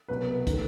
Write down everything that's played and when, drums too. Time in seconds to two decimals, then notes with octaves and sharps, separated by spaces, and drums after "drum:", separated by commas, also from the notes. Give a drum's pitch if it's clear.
0.08 C2 B2 F#3 B4
0.47 D#3 A3, drum: kick, hi-hat